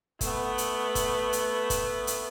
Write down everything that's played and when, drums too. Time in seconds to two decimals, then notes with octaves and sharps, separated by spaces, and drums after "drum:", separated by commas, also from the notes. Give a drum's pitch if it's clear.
0.21 A3 B3, drum: kick, hi-hat
0.58 drum: hi-hat
0.95 drum: kick, hi-hat
1.33 drum: hi-hat
1.70 drum: kick, hi-hat
2.07 drum: hi-hat